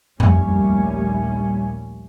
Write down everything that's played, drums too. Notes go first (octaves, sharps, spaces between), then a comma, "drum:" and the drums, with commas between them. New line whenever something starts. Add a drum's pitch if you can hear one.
A#1 D#2 G3 A3 C#4, drum: tom F2